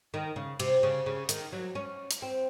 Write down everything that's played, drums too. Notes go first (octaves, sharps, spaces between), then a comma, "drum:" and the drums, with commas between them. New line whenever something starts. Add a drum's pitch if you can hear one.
D#3
C#3
C3, drum: cymbal
C#3
C#3
D#3, drum: hi-hat
F#3
C#4
drum: hi-hat
C4